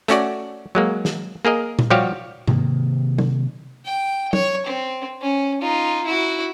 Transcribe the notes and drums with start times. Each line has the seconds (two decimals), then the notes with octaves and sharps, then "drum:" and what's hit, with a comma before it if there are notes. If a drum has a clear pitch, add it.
0.08 A3 C#4 F#4 D5, drum: hi-hat
0.75 F#3 G#3 A#3
1.05 drum: snare
1.45 A#3 G#4 A#4 D#5
1.79 drum: tom A#2
1.90 F3 G3 F#4 G4 C#5 F5
2.48 C3 D#3 A#3, drum: tom G#2
3.18 drum: tom
3.85 G5
4.33 C#5, drum: tom
4.66 C4
5.21 C#4
5.61 D#4 F4
6.06 E4 F#4